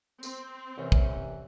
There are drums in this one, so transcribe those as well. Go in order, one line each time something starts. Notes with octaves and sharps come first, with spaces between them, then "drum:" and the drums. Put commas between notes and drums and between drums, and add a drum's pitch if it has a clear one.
C4, drum: tambourine
C2 C3 E3 C#4
drum: kick